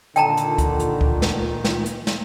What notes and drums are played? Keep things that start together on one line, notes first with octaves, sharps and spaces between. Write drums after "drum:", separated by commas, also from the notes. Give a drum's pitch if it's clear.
A#2 D3 D#3 G5 A5 A#5, drum: hi-hat
drum: hi-hat
drum: kick C#2, hi-hat
drum: hi-hat
drum: kick C#2
drum: snare
drum: snare
drum: hi-hat
drum: snare